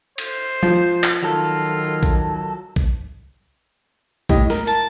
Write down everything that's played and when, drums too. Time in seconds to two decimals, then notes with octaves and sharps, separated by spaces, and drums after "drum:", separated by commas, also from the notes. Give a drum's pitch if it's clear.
0.18 C5, drum: cymbal
0.63 F3, drum: tom F3
1.03 drum: clap
1.23 D#3 F#3 F4 A4
2.03 drum: kick A#1
2.76 drum: kick A#1
4.29 A2 G4 D#5, drum: kick A#1
4.50 A#4, drum: snare
4.67 A5, drum: hi-hat